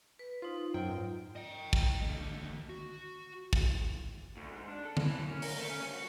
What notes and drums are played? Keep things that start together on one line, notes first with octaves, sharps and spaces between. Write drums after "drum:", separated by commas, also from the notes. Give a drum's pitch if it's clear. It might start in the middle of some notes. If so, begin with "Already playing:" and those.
B4
D#4 F4 C5
F#2 F#3 F4 G5
G#2
D#5 G5
drum: kick
D#2 D3
F#4
drum: kick
D2
G#2
D4
A4
E3, drum: tom D3
F#2
C#4
A#4, drum: open hi-hat
A3
C#4
G2
F#4